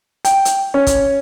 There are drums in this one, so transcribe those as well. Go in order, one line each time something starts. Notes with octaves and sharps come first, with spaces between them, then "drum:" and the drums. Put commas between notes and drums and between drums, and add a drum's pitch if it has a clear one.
G5, drum: hi-hat
drum: hi-hat
C#4
drum: kick, hi-hat